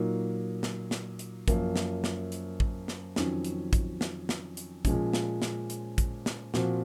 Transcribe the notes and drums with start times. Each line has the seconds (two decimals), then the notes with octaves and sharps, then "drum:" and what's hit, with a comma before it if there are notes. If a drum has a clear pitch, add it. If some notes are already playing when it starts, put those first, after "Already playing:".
Already playing: A#2 F#3 A#3 D#4
0.63 drum: snare
0.91 drum: snare
1.19 drum: hi-hat
1.48 F#2 F3 A#3, drum: kick, hi-hat
1.76 drum: snare
2.04 drum: snare
2.32 drum: hi-hat
2.60 drum: kick
2.88 drum: snare
3.16 F2 D#3 F#3 C#4, drum: snare
3.45 drum: hi-hat
3.73 drum: kick, hi-hat
4.01 drum: snare
4.29 drum: snare
4.57 drum: hi-hat
4.85 A#2 F3 G#3 C#4, drum: kick, hi-hat
5.13 drum: snare
5.42 drum: snare
5.70 drum: hi-hat
5.98 drum: kick, hi-hat
6.26 drum: snare
6.54 A#2 F3 C4 F#4, drum: snare